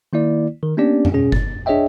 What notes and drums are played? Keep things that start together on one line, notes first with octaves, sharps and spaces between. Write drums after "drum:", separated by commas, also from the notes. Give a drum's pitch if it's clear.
D#3 A#3 E4 D5
D#3 A#4
A#3 B3 C#4 D4 G4 D5
drum: tom F2
B2 C#4 G#4
A6, drum: kick F#1
D4 G#4 C#5 D#5 E5 G5